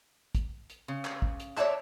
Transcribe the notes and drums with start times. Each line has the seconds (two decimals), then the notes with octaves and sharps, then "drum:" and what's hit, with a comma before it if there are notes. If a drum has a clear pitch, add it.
0.35 drum: kick, hi-hat
0.70 drum: hi-hat
0.88 C#3
1.05 drum: clap
1.22 drum: kick
1.40 drum: hi-hat
1.57 C#5 D5 E5 A5, drum: clap